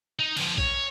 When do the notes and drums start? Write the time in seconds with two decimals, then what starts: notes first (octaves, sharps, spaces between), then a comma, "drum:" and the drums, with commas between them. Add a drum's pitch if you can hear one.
0.19 D#4
0.37 D3 F3, drum: cymbal
0.58 C#5, drum: kick A#1